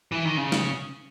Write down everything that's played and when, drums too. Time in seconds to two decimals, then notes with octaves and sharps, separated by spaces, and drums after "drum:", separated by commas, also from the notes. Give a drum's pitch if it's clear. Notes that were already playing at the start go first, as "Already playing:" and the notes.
0.12 E3
0.25 D#3
0.37 C#3
0.52 drum: snare